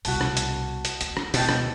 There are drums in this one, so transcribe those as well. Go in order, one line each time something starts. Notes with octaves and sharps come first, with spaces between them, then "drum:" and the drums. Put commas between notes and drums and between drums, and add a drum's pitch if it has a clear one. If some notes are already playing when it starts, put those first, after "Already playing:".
C2 B2 F#4 A5, drum: open hi-hat
drum: rim click
drum: hi-hat
drum: hi-hat
D2, drum: hi-hat
drum: rim click
B2 G5 A5, drum: open hi-hat
drum: rim click